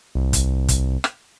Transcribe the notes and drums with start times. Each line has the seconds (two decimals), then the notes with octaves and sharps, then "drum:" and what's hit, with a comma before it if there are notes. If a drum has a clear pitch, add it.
0.15 C2
0.33 drum: kick, hi-hat
0.68 drum: kick, hi-hat
1.04 drum: rim click